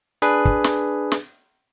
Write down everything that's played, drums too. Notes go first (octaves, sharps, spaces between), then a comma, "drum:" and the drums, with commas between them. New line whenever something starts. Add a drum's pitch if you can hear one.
D4 G#4 B4, drum: hi-hat
drum: kick
drum: snare
drum: snare